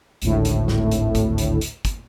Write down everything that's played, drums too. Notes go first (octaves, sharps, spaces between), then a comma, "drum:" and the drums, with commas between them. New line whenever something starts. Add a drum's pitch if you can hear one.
G#1 D2 A2, drum: hi-hat
drum: hi-hat
drum: snare
drum: hi-hat
drum: kick, hi-hat
drum: hi-hat
drum: hi-hat
drum: kick, hi-hat